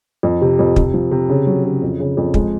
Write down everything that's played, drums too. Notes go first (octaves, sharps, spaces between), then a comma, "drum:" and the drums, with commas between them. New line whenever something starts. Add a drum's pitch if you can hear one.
F2
C3
F2
C3, drum: kick
F3
C3
C#3
F#3
C#3
F2
C#3
F2
G#3, drum: kick